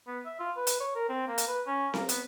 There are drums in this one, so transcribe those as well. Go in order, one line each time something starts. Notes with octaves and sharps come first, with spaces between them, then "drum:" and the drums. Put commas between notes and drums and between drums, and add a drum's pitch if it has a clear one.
B3
E5
F4
B4
drum: hi-hat
C#5
A#4
C4
A#3
drum: hi-hat
B4
C#4
A#3, drum: snare C4
B3, drum: hi-hat